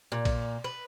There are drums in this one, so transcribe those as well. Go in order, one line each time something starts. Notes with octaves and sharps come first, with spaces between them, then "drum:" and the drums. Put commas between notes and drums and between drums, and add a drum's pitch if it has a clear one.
A#2
drum: kick A#1, cymbal
B4